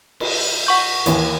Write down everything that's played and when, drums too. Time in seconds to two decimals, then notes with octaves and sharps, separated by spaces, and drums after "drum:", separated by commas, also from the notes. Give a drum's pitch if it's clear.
0.20 drum: cymbal
0.67 F#5 C#6 G6
1.06 D#2 E3, drum: hi-hat